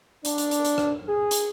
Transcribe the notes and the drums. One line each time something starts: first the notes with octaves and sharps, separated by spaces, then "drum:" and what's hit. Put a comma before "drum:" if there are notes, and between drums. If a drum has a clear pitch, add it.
D4, drum: hi-hat
drum: hi-hat
drum: hi-hat
drum: hi-hat
drum: rim click
G#4
drum: hi-hat